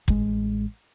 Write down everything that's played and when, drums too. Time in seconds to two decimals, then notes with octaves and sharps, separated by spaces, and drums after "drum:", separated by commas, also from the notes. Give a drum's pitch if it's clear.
0.08 A1 G#3, drum: kick